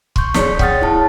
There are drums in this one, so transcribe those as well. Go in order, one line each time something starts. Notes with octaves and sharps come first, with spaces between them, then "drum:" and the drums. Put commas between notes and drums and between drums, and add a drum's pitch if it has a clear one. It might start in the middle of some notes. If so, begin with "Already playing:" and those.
C6 C#6 G6, drum: kick
G#4 C#5 D5 B6, drum: snare
F#5 G5 D#6 F6 A6, drum: kick
E4 C#5 A5